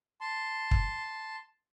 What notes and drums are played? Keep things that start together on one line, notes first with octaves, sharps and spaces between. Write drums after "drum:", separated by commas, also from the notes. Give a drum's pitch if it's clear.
A5 C6
drum: kick